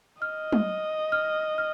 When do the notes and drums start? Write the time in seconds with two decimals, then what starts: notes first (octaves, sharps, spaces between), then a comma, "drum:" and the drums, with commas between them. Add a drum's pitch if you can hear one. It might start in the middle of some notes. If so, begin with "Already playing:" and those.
0.22 D#5 F6
0.52 drum: tom
1.12 F6
1.58 F6